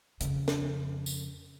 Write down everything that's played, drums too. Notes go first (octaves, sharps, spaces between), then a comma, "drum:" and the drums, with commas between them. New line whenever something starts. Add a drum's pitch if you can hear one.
F2 C#3, drum: hi-hat
drum: snare
drum: tambourine